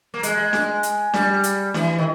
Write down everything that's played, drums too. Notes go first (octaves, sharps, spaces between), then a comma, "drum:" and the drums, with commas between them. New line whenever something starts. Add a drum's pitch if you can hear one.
A#3
G#3, drum: hi-hat
G#3
drum: snare D4
drum: hi-hat
G3, drum: snare D4
drum: hi-hat
E3, drum: snare D4
D#3